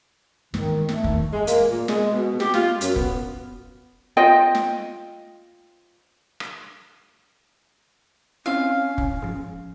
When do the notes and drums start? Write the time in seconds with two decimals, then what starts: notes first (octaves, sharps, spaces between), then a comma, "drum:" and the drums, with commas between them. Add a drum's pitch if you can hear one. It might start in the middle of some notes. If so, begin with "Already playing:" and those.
0.54 G#2 D#3 E3, drum: snare
0.89 A3, drum: snare
1.04 E2 D#3, drum: kick
1.33 G#3
1.47 A#3, drum: hi-hat
1.69 A#2
1.88 G#3, drum: snare
2.11 B2
2.40 G4, drum: snare
2.54 F4, drum: snare
2.81 F#2, drum: hi-hat
2.96 B3, drum: kick
4.17 F4 C5 D#5 G5
4.55 drum: snare
6.40 drum: rim click
8.46 C4 C#4 E4 F5
8.98 drum: kick
9.22 G#2 F3